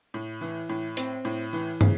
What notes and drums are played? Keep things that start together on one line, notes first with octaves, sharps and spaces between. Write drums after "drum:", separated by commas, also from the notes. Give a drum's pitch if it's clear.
A2
E3
A2
C4, drum: hi-hat
A2
E3
C#3, drum: tom